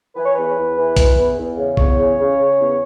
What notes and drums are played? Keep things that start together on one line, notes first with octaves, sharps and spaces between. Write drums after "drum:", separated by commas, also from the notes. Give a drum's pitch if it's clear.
E3 B4
C#5
E2 B4
E2
E3
E3, drum: kick B1, hi-hat
E2
E2
C#3
E2 C#5, drum: kick B1
C#3
C#3
C#3
E2